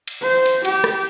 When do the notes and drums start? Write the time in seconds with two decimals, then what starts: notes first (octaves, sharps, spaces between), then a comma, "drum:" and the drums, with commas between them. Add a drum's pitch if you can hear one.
0.08 drum: cymbal
0.22 C5
0.46 drum: cymbal
0.65 G4, drum: cymbal
0.84 drum: rim click